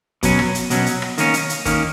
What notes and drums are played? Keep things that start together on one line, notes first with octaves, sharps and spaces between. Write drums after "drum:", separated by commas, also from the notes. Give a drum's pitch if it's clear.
B2 F#3 C#4, drum: kick, hi-hat
drum: rim click
drum: hi-hat
B2 F#3 C#4, drum: hi-hat
drum: hi-hat
drum: rim click
D#3 A#3 C#4, drum: hi-hat
drum: hi-hat
drum: hi-hat
D#3 A#3 C#4, drum: kick, hi-hat